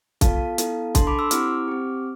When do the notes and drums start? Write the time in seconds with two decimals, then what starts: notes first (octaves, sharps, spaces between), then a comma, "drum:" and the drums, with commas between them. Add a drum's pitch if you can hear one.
0.21 B3 F4 A4 F5 A5, drum: kick, hi-hat
0.58 B3 E4 A4, drum: hi-hat
0.95 D4 A4 A5 C6, drum: kick, hi-hat
1.07 B5 D6
1.19 C6 E6
1.31 C4 E4 G4 D6 F6, drum: hi-hat
1.68 C4 G4